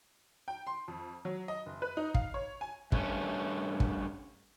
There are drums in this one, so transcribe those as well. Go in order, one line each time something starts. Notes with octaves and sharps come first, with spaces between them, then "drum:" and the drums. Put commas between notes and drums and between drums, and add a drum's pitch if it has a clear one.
G5
C6
F2
F#3
D#5
F#1
B4
D#4
F5, drum: kick
C#5
G#5
G2 A3 C#4, drum: kick
drum: kick